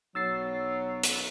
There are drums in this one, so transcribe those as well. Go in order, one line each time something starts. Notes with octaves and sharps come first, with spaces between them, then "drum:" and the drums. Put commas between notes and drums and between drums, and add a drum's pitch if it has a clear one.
B1 F#3 E6 A6 C7
drum: hi-hat